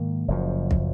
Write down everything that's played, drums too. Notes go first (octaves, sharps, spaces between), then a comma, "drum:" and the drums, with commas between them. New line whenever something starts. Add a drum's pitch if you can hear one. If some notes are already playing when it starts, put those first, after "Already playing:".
Already playing: G#2 D#3 A#3
F#1 F#2 F3
drum: kick